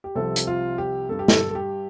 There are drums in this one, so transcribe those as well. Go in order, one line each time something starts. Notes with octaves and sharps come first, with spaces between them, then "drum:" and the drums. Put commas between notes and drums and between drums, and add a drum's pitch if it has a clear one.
G4
C2 C3 F3 A4
drum: hi-hat
F4
G4
G2 G3 A4
G4
A4, drum: snare
A4
G4